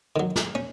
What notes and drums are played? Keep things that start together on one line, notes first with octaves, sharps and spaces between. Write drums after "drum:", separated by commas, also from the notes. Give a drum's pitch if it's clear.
D#3 F#3
drum: snare
C#4